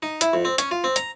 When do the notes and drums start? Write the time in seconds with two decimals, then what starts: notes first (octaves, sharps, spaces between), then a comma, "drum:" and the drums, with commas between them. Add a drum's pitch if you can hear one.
0.03 D#4
0.21 E4, drum: hi-hat
0.33 F2
0.45 C4
0.58 C#4, drum: hi-hat
0.71 F4
0.84 C4
0.96 A#5, drum: hi-hat